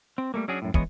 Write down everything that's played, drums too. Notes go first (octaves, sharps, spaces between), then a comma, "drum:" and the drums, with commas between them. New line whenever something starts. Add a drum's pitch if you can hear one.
C4
G3 A3 A#3
F#3 C#4 D4 F#4 G#4
F#2 A2
E3 G#3 B3 C#5 D#5, drum: kick